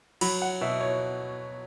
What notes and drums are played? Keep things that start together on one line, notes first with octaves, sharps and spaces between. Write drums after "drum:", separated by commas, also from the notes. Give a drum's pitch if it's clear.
F#3 B5, drum: cymbal
F#5
B2 E5
C#5